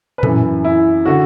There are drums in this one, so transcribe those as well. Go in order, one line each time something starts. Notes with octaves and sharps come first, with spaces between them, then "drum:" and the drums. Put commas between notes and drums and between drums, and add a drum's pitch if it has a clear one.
B4
F#2 E3 A4, drum: tom A2
E4
D3 F#4